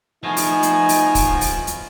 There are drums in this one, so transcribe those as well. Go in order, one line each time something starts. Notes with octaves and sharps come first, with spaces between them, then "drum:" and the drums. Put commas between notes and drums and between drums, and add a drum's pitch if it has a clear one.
F3 A3 B3 D#4 D#5 G#5
drum: open hi-hat
drum: hi-hat
drum: open hi-hat
drum: kick, open hi-hat
drum: open hi-hat
drum: hi-hat